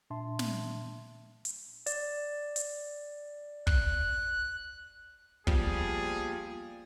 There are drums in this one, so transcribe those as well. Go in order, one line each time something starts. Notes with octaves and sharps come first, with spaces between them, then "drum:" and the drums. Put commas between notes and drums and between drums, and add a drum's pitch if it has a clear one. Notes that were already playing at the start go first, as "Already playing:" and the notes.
A#2 D4 E5 A5 C6
drum: snare
drum: hi-hat
D5, drum: hi-hat
drum: hi-hat
F#6, drum: kick
F3 G3 A#3 B3 G#4, drum: kick